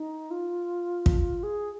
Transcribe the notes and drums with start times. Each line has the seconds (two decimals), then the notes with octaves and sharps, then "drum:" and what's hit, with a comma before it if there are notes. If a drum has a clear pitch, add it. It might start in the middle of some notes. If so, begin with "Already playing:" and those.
Already playing: D#4
0.31 F4
1.06 drum: kick
1.43 G#4